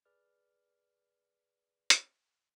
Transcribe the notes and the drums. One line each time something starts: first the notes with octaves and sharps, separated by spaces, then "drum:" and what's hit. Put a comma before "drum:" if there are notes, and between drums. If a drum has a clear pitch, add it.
G#4 B4 D5 F6
drum: hi-hat